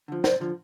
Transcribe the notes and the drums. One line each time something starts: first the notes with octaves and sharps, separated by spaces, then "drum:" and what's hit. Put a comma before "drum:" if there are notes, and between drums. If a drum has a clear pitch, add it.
D3 F3
F#2 C5 D5, drum: snare
D3 F3